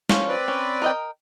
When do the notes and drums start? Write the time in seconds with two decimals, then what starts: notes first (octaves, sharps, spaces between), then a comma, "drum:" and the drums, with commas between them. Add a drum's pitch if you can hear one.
0.09 F3 C#4 F4, drum: snare
0.28 C4 B4 D5
0.48 C#4
0.82 A#4 D#5 G5